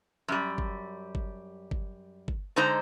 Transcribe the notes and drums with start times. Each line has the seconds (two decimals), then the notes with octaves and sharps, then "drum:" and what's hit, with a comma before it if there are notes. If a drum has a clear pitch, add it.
0.28 F#2 G3
0.58 drum: kick G1
1.15 drum: kick G1
1.71 drum: kick G1
2.28 drum: kick G1
2.56 D3 G#3 D#4 C5 A#5